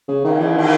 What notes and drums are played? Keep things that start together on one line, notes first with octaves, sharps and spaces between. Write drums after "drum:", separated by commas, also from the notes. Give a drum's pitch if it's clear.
C#3
D#3, drum: cymbal
E3
D#3, drum: cymbal